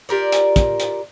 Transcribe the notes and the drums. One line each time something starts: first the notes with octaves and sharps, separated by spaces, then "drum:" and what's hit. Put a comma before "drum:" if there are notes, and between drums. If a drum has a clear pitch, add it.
F4 G4 A#4 D5
drum: hi-hat
drum: kick, hi-hat
drum: hi-hat